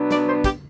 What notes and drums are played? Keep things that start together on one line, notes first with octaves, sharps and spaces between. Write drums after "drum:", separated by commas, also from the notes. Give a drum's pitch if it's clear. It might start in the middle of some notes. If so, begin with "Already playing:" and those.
Already playing: B2 F#3 B3 D4
D5, drum: snare
C5
G4, drum: kick, hi-hat